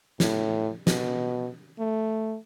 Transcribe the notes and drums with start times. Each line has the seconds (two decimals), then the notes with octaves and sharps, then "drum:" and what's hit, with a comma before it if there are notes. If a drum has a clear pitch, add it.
0.20 A2, drum: snare
0.87 B2, drum: snare
1.79 A3